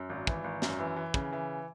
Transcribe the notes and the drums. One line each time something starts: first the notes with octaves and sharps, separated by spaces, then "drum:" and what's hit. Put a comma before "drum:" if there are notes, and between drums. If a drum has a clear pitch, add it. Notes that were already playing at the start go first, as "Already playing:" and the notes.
Already playing: F#2
G#1
E3, drum: kick
G#1
F#2, drum: snare
E3
E3
C#3, drum: kick
E3